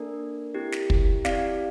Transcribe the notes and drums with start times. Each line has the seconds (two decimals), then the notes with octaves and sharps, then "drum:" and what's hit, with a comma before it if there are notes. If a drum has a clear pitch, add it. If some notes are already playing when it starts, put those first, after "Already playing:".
Already playing: A#3 D4 A4 A#4 D5
0.54 C4 E4 G4
0.72 drum: snare
0.90 drum: kick
1.25 C4 E4 G4 D5 F5, drum: snare